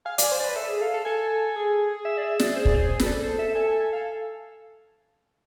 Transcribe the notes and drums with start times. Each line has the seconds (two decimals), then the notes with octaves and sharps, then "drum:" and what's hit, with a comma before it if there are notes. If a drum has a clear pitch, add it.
0.05 F5 G#5
0.18 D5 G#5, drum: hi-hat
0.32 C5
0.40 B4 D5
0.56 A4 E5
0.68 G#4
0.81 A4 F5
0.94 A4
1.05 A4 G#5
1.56 G#4
2.05 E5
2.18 D5
2.23 E5
2.40 D5, drum: snare
2.56 C5
2.65 D5, drum: kick
2.75 C5
3.00 B4, drum: snare
3.05 A4 D5
3.23 C5
3.39 E5
3.55 A4 G#5
3.68 G#5
3.80 G#5
3.93 F5